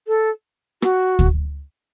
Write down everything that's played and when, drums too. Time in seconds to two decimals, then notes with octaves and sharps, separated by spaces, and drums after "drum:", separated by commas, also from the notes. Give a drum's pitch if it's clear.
0.08 A4
0.82 F#4, drum: rim click
1.19 drum: kick